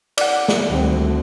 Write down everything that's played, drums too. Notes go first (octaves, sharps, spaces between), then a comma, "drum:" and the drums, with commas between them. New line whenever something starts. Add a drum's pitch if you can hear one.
D5 F#5, drum: cymbal
drum: snare
D2 D#3 G3 C4